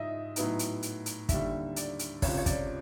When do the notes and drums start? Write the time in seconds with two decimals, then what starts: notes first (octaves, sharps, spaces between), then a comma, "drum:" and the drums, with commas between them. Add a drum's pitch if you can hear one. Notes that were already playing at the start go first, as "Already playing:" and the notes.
Already playing: G#2 F3 D#5 E5
0.36 A2 F#3 B3 D#4, drum: hi-hat
0.59 drum: hi-hat
0.83 drum: hi-hat
1.06 drum: hi-hat
1.29 D#2 D3 G3 E5, drum: kick, hi-hat
1.76 D5, drum: hi-hat
1.99 drum: hi-hat
2.22 C#2 C3 F3 C#5, drum: kick, open hi-hat
2.38 C#5
2.46 D5, drum: kick, hi-hat